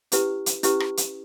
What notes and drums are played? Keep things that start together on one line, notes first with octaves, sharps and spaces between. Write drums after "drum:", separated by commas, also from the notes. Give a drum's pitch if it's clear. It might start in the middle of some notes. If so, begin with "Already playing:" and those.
C#4 E4 G4 B4, drum: hi-hat
drum: hi-hat
C#4 E4 G4 B4, drum: hi-hat
drum: rim click
drum: hi-hat